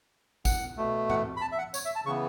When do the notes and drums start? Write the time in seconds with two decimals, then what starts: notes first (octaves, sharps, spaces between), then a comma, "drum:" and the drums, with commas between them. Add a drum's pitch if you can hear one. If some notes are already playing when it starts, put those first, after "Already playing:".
0.45 F#5, drum: kick, tambourine
0.77 B2 A3
1.10 F#5, drum: tom G#2
1.37 B5
1.41 A5
1.52 E5
1.58 F#5
1.74 C#5, drum: tambourine
1.85 E5
1.96 A5
2.06 C#3 E3 B3 C#6